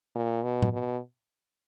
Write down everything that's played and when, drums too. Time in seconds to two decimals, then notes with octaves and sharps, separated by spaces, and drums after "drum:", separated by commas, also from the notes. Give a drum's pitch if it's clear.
0.15 A#2
0.44 B2
0.62 drum: tom
0.73 B2